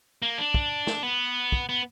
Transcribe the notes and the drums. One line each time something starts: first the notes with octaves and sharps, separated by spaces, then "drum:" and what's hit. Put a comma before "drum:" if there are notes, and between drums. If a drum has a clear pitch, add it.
A#3
D4
drum: kick
drum: snare
B3
drum: kick
B3